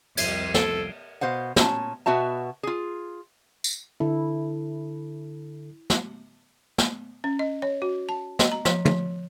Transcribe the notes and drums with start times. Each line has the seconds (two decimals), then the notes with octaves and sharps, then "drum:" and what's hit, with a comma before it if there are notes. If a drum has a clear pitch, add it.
0.17 C2 F2 G#6 C7 D#7, drum: cymbal
0.54 A4 D7 G7, drum: snare
1.21 B2 C5 F5 F#5
1.56 A#2 C#4 A5, drum: snare
2.06 B2 B3 F#4 E5 A5
2.63 F4 G#4
3.64 drum: tambourine
4.00 D3 E4 A4
5.90 drum: snare
6.78 drum: snare
7.24 C#4
7.39 D#5
7.62 C#5
7.82 F#4
8.09 A5
8.39 D#5, drum: snare
8.52 A#5
8.65 F3, drum: snare
8.85 F3, drum: tom